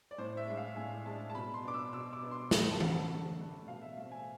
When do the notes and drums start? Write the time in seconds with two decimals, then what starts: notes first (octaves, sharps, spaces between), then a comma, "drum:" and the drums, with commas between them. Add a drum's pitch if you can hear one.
0.11 D5
0.18 A2 C5
0.37 E5
0.47 G#3 D4
0.57 F5
0.76 A2 G#5
1.06 G#3 D4 A5
1.30 A5
1.35 B2 B5
1.54 C6
1.64 B3 D4 D6
1.74 E6
1.93 B2 E6
2.13 D6
2.22 B3 D4
2.31 C6
2.51 D3 B5, drum: snare
2.71 A5
2.80 A3 D4, drum: tom E3
3.10 D3
3.39 A3 D4
3.68 B2 F5
3.82 E5
3.97 A3 C4 F5
4.12 G#5